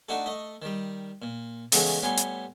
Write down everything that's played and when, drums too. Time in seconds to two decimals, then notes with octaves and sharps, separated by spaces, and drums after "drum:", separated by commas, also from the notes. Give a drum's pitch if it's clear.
0.09 A3 D4 D#4 F#4 A4
0.26 A3 D#5
0.62 D#3 G3
1.22 A#2
1.72 C#3 E3 G#3 A3 B3, drum: open hi-hat
2.02 A2 G3 B3 G#5 B5 C6
2.17 drum: hi-hat